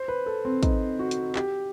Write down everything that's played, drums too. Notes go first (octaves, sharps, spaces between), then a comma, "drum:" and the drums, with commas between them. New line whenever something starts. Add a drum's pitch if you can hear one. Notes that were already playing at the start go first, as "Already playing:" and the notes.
Already playing: C5
B4
A4
C4
D#4, drum: kick, hi-hat
F#4
drum: hi-hat
G4, drum: clap